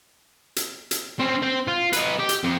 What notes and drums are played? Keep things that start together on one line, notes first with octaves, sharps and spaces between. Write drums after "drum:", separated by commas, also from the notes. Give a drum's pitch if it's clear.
drum: hi-hat
drum: hi-hat
C4 C#4
C4 C5
F4
D#4 B4, drum: hi-hat
G4
drum: hi-hat
F2